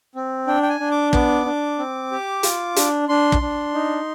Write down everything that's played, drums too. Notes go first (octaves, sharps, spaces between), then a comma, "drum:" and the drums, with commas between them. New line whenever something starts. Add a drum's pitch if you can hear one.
C4
D4 G5
G5
G#5
D4
D6
B3 D6, drum: kick
D4
C4
G4
F4, drum: hi-hat
D4, drum: hi-hat
D4 C6
drum: kick
D4
D#4